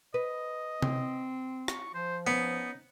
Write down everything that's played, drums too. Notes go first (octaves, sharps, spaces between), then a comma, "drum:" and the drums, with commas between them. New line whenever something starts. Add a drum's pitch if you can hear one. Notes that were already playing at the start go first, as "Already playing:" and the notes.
B4 D#5
C4, drum: tom C3
C#6, drum: rim click
F3 C5
B3 C#4 D#4